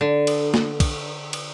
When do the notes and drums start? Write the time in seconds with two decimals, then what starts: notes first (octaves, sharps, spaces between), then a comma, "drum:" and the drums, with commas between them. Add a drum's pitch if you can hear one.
0.01 D3
0.27 drum: cymbal
0.54 drum: snare
0.80 drum: kick, cymbal
1.33 drum: cymbal